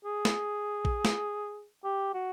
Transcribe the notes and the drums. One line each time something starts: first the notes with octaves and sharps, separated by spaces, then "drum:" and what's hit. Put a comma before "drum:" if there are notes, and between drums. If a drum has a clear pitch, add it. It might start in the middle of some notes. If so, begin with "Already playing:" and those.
G#4
drum: snare
drum: kick A#1
drum: snare
G4
F#4